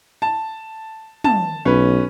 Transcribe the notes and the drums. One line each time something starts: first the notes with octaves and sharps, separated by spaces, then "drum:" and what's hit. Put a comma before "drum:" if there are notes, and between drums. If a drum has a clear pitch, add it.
A5
A5, drum: tom
B1 C#4 B4